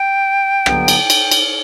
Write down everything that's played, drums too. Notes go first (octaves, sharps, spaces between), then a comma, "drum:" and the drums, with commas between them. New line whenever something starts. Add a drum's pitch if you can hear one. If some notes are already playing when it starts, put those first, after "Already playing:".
Already playing: G5
G2 D3 F#3 B3, drum: rim click
drum: cymbal
drum: cymbal
drum: cymbal